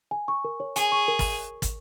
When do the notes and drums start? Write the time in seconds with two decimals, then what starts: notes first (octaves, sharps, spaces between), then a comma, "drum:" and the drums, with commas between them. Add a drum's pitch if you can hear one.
0.11 G#5
0.28 C#6
0.45 A#4
0.60 C#5
0.76 G#4 G#5, drum: hi-hat
0.92 C#6
1.08 A#4
1.19 drum: kick, open hi-hat
1.62 drum: kick, hi-hat